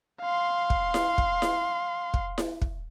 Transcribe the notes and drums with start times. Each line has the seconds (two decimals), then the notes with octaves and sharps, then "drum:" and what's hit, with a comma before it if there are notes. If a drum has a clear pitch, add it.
0.22 F5 C6
0.70 drum: kick
0.94 drum: snare E4
1.18 drum: kick
1.42 drum: snare E4
2.14 drum: kick
2.38 drum: snare E4
2.62 drum: kick